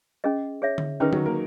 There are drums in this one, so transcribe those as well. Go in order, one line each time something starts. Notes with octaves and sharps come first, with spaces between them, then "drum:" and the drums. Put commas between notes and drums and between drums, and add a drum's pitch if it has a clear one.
C#4 G#4 D#5
G#4 C#5 E5
drum: tom D3
D#3 C#4 D#4 G#4 B4
F#3 F#4, drum: tom D3
A#3 A#4